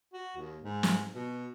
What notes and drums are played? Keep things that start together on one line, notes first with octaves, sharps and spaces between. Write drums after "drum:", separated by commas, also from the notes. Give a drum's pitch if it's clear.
F#4
D#2
G#2
drum: snare
B2